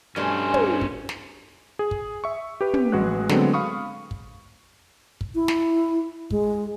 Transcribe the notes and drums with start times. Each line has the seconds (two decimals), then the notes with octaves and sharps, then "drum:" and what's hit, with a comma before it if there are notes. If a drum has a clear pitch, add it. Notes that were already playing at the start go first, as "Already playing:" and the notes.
0.16 G2 B2 G3 A3 C#4 C5 G#5
0.54 drum: tom
0.81 drum: kick
1.09 drum: snare
1.79 G#4
1.91 drum: kick
2.24 E5 C#6
2.61 G4 B4
2.74 drum: tom
2.92 A1 G#3 F#4 G#4 B4 F#6
3.29 D3 F#3 G#3 A3 B3 C4, drum: snare
3.53 F5 B5 C#6 D#6
4.11 drum: kick
5.21 drum: kick
5.35 E4
5.48 drum: snare
6.31 G#3, drum: kick